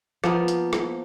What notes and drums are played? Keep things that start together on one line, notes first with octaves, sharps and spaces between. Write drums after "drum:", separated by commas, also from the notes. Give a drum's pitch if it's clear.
F3 A#3 B3, drum: rim click
drum: hi-hat
drum: rim click